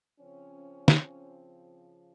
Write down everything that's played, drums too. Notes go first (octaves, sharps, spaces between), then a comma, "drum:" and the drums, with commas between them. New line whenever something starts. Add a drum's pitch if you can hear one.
C#3 F3 C4 C#4
drum: snare